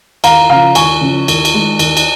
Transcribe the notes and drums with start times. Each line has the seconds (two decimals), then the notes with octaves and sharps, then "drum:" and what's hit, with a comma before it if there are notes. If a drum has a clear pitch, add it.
0.24 D#2 F5 A#5, drum: cymbal
0.50 C#3 F3 F5 A#5
0.75 D#2 G#5 C#6, drum: cymbal
1.01 C#3 F3
1.28 D#2, drum: cymbal
1.45 drum: cymbal
1.54 D#3 G#3
1.79 D#2, drum: cymbal
1.97 drum: cymbal